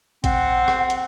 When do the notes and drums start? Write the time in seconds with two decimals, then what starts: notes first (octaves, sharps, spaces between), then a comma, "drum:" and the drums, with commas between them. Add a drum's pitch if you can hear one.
0.24 C4 F#5, drum: kick A1, hi-hat
0.68 drum: rim click
0.90 drum: hi-hat